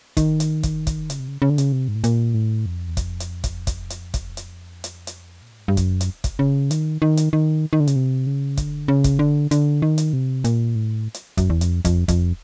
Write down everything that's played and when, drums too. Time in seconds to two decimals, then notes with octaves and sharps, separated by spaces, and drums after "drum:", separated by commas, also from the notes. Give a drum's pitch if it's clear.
0.17 D#3, drum: kick, hi-hat
0.40 drum: hi-hat
0.63 drum: kick, hi-hat
0.87 drum: kick, hi-hat
1.10 C#3, drum: hi-hat
1.19 C3
1.28 C#3
1.42 C#3
1.50 D3
1.58 C#3, drum: hi-hat
1.72 C3
1.88 G#2
1.95 A2
2.04 A#2, drum: hi-hat
2.34 A2
2.66 F2
2.88 E2
2.97 F2, drum: kick, hi-hat
3.20 drum: hi-hat
3.44 drum: kick, hi-hat
3.67 drum: kick, hi-hat
3.90 drum: hi-hat
4.14 drum: kick, hi-hat
4.37 drum: hi-hat
4.84 drum: hi-hat
5.07 drum: hi-hat
5.42 A#2
5.51 A2
5.60 G#2
5.68 G2
5.77 F#2, drum: kick, hi-hat
6.01 drum: hi-hat
6.24 drum: kick, hi-hat
6.39 C#3
6.71 D#3, drum: hi-hat
7.02 D#3
7.17 drum: hi-hat
7.33 D#3
7.73 D#3
7.80 D3
7.87 C#3, drum: hi-hat
7.96 C3
8.27 C#3
8.57 D3, drum: kick, hi-hat
8.88 C#3
9.04 drum: kick, hi-hat
9.19 D3
9.51 D3, drum: hi-hat
9.82 D#3
9.98 drum: hi-hat
10.13 C3
10.44 A#2, drum: hi-hat
10.75 A2
11.14 drum: hi-hat
11.37 F#2, drum: kick, hi-hat
11.50 E2
11.61 F2, drum: hi-hat
11.85 F2, drum: kick, hi-hat
12.08 F2, drum: kick, hi-hat